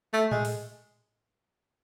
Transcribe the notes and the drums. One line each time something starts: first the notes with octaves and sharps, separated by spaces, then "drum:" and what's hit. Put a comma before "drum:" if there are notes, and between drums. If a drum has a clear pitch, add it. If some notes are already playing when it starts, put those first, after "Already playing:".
A3
G#3, drum: tom A2
drum: open hi-hat